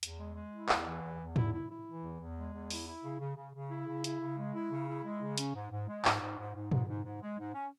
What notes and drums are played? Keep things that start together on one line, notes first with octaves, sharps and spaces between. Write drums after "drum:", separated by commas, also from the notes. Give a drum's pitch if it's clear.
E2, drum: hi-hat
G#3
G#3
E4
E2, drum: clap
E3
E2
E2
E4, drum: tom G#2
E4
E4
E3
E2
E2
G#3
E2
E4, drum: open hi-hat
E4
C#3
C#3
C#3
C#3
E4
C#3
E4, drum: hi-hat
C#3
G#3
E4
C#3
E4
G#3
C#3
C#4, drum: hi-hat
G#2
G#2
G#3
G#2, drum: clap
G#2
G#2
G#2
G#2, drum: tom A#2
G#2
G#2
G#3
G#2
C#4